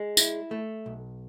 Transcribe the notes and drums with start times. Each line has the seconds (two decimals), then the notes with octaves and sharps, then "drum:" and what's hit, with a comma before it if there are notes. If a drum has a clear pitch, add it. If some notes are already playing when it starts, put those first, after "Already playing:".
Already playing: G#3
0.17 E4, drum: tambourine
0.51 A3
0.86 B1